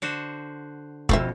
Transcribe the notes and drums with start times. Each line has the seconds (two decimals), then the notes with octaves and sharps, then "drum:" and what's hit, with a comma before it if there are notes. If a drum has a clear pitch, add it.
0.02 D3 F#4 C5
1.09 F2 G#2 B2 A3 C4 E5, drum: kick